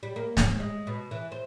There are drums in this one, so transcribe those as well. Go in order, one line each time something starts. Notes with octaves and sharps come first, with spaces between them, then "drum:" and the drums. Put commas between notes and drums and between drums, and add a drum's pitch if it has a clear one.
G3
A#3
G#2, drum: snare
G#3
B2
E3
C5